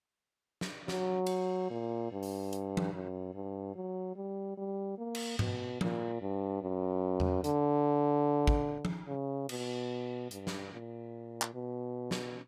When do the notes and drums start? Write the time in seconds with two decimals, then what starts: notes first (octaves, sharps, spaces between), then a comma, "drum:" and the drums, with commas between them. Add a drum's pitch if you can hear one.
0.61 drum: snare
0.88 F#3, drum: snare
1.26 drum: cymbal
1.70 A#2
2.12 G2
2.23 drum: open hi-hat
2.53 drum: hi-hat
2.77 drum: tom F3
2.94 F#2
3.34 G2
3.76 F#3
4.16 G3
4.57 G3
4.98 A#3
5.15 drum: cymbal
5.39 B2, drum: tom G#2
5.81 A#2, drum: tom F3
6.21 G2
6.62 F#2
7.20 drum: tom E2
7.44 D3, drum: hi-hat
8.47 drum: kick
8.85 drum: tom F3
9.08 C#3
9.49 B2, drum: cymbal
10.31 G2, drum: hi-hat
10.47 drum: snare
10.72 A#2
11.42 drum: clap
11.54 B2
12.11 drum: snare